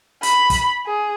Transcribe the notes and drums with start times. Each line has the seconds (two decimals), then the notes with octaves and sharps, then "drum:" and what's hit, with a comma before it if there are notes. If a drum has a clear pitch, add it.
0.23 B5, drum: hi-hat
0.50 drum: kick, hi-hat
0.86 G#4